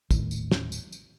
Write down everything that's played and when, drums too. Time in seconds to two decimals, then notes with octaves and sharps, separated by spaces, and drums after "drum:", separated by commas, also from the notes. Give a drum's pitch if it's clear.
0.11 D#1 A2 D#3, drum: kick, tambourine
0.31 drum: tambourine
0.51 drum: snare
0.72 drum: tambourine
0.92 drum: tambourine